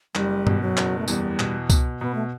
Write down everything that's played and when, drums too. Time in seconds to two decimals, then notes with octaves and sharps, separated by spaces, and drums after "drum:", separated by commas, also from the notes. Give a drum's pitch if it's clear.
0.15 F#1 G3, drum: clap
0.47 B2, drum: tom G2
0.61 F#3
0.77 F#1, drum: clap
0.99 A3
1.08 E2 G3, drum: tambourine
1.39 B2, drum: clap
1.70 B2, drum: kick C2, tambourine
2.01 B2 B3
2.15 A3